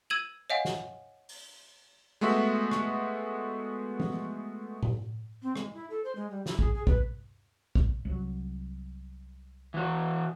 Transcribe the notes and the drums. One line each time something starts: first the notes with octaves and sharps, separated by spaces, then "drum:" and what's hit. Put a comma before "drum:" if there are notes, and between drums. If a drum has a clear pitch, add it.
E6 G#6 D#7 E7 F#7
C#5 D#5 F5 F#5 G#5
drum: snare
drum: open hi-hat
G#3 A3 B3 F#4 E5
drum: rim click
drum: tom F3
drum: tom A2
C4
G#3, drum: rim click
E4
A4
C5
G#3
G3
E4, drum: snare
G#4, drum: kick
G#4
B4, drum: kick
drum: kick
C2 F#3
E3 F#4